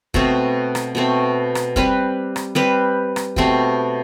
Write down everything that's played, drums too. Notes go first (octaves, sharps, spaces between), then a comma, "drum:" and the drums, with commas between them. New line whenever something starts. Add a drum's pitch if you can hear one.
B2 A3 C4, drum: kick
drum: rim click
B2 A3 C4
drum: rim click
G3 C4 G4 B4, drum: kick
drum: rim click
G3 C4 G4 B4
drum: rim click
B2 A3 C4 G4, drum: kick